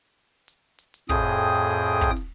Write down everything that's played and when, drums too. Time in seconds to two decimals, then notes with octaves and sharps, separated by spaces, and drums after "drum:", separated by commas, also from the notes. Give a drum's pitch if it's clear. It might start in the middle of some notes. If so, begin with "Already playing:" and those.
0.48 drum: hi-hat
0.79 drum: hi-hat
0.94 drum: hi-hat
1.09 F2 A2 G#4 G5 D#6, drum: kick
1.55 drum: hi-hat
1.71 drum: hi-hat
1.86 drum: hi-hat
2.01 drum: kick, hi-hat
2.17 drum: hi-hat